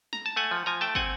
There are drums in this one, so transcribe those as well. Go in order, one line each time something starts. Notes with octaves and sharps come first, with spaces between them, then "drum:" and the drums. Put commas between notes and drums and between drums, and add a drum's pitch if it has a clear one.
A#5, drum: snare
A5
A3 F#5 G#5
F3
F3 G#5 A#5
A3 G5 A5
C4 F#5 G#5, drum: kick